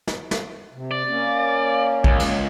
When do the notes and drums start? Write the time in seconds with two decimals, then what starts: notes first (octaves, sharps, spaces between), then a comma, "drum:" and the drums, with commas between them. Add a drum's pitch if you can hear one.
0.07 drum: snare
0.31 drum: snare
0.73 C3
0.91 D5
1.09 A#3 C#4
2.04 C#2, drum: kick A#1
2.20 drum: cymbal